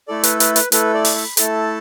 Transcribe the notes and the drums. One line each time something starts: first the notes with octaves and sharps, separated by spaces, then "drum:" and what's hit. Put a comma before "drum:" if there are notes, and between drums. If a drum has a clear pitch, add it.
A3 E4 A4 D5
B4, drum: hi-hat
B4, drum: hi-hat
B4, drum: hi-hat
A3 E4 A4 B4, drum: hi-hat
D5
drum: open hi-hat
B5
A3 E4 A4 A5, drum: hi-hat